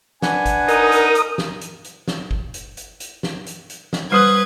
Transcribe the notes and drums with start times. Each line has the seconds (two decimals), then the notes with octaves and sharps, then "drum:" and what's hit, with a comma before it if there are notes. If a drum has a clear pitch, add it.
0.22 D4 B4 F#5 G#5, drum: snare
0.46 drum: kick G1, hi-hat
0.68 D#4 A#4 D#6, drum: hi-hat
0.92 drum: hi-hat
1.15 drum: hi-hat
1.38 drum: snare
1.61 drum: hi-hat
1.84 drum: hi-hat
2.08 drum: snare
2.31 drum: kick G1
2.54 drum: hi-hat
2.77 drum: hi-hat
3.00 drum: hi-hat
3.23 drum: snare
3.46 drum: hi-hat
3.70 drum: hi-hat
3.93 drum: snare
4.12 G3 B4 C5 D#6 F#6 G#6